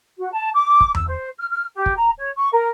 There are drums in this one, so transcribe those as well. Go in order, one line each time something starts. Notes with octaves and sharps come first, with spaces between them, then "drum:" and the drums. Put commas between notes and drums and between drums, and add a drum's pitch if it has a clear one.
F#4
A5
D6
drum: kick
E6, drum: tom E2
C5
F6
F6
G4
drum: kick
A#5
C#5
C#6
A#4